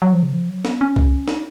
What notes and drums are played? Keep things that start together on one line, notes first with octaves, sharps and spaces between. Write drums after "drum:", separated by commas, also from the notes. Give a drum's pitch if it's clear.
F#3
F3
C#3
F3
F#3
B3, drum: snare
C#4
drum: kick
D#4, drum: snare